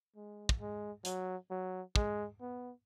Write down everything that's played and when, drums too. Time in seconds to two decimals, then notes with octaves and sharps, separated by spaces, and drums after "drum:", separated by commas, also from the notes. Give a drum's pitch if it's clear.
0.16 G#3
0.49 drum: kick
0.60 G#3
1.05 F#3, drum: hi-hat
1.51 F#3
1.96 G#3, drum: kick
2.41 B3